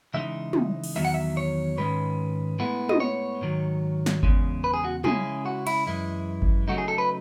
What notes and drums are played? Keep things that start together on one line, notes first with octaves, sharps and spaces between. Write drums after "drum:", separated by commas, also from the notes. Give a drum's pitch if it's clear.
C#3 E3 G#3 D#4 E5
drum: tom
drum: cymbal
E2 D#3 F#3 E5
F#5
E5
C#5
G#2 D#3 G#3 C#4 B4
A2 G#3 B3 E4
D#5, drum: tom
C#5
G#2 D#3 F#3
drum: snare
E2 C#3 G#3, drum: kick G1
B4
G#4
F#4
C#3 G#3 C#4 E4 G#4, drum: tom
F#4
E4, drum: cymbal
F#2 E3 G#3 E4
drum: kick G1
C#3 F#3 A3 D#4 F#4
G#4
A4
B4